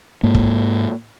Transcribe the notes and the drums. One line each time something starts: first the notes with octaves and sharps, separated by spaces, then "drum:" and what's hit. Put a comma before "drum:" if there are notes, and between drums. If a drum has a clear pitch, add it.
G#2 A#3
drum: kick